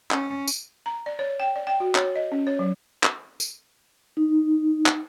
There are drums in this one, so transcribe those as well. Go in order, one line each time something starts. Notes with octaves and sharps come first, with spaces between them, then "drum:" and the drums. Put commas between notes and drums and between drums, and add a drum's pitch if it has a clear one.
C#4, drum: clap
drum: tambourine
A#5
D5
C#5
G5
D5
G5
F#4
C#5, drum: clap
D#5
C#4
C#5
F#3
drum: clap
drum: tambourine
D#4
drum: clap